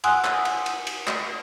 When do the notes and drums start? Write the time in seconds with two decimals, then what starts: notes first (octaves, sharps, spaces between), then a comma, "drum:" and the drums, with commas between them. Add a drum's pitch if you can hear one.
0.04 F#5 G#5 C6 D#6 E6 F#6, drum: cymbal
0.24 drum: clap
0.45 drum: cymbal
0.66 drum: cymbal
0.87 drum: cymbal
1.08 drum: clap